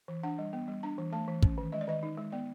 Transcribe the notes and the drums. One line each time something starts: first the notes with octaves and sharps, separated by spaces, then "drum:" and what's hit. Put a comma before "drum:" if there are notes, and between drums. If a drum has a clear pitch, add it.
E3
D4 F#5
G3
B3
G3
D4 A#5
E3
A3 A5
E3
C#4, drum: kick
D#3
G#3 D#5
D5
D#3 D#5
D#4
G#3
B3 D5